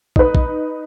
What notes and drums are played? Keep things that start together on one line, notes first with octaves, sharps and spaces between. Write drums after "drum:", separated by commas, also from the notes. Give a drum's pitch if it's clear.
D#4 B4, drum: kick
drum: kick